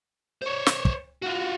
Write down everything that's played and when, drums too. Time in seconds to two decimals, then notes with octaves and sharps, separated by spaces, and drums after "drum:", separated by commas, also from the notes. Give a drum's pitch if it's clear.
0.42 C5 C#5
0.66 drum: snare
0.85 drum: kick
1.22 F4 F#4